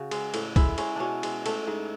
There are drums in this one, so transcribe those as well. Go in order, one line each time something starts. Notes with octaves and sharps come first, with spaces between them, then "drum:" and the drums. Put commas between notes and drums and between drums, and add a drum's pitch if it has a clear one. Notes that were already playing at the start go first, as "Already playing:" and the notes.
Already playing: C#3 F#4
G#3, drum: cymbal
A2, drum: cymbal
G#3 E4, drum: kick, cymbal
G#3 C#4, drum: cymbal
B2 C#4 D4
G#3, drum: cymbal
A3, drum: cymbal
G#2